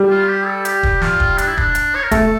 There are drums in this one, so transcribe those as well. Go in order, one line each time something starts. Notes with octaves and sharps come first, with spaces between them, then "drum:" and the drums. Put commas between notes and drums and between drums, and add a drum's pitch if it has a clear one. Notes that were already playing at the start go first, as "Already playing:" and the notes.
Already playing: G3
F4
G4
A4
G4, drum: hi-hat
drum: kick
F4, drum: snare
drum: kick
D4, drum: hi-hat
E4
D4, drum: kick
drum: hi-hat
C#5
A#4
A3 A4, drum: kick, hi-hat